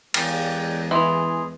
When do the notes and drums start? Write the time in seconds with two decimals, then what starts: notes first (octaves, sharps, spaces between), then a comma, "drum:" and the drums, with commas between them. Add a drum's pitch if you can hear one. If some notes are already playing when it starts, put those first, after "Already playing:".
0.14 E2 G#3 D5 G5 F6, drum: cymbal
0.91 E3 G#4 C6 F7